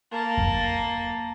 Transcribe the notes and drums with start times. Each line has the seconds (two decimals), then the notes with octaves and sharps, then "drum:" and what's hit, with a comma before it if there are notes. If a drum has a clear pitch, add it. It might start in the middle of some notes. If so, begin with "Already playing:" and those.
0.12 A#3 A5
0.37 drum: kick F2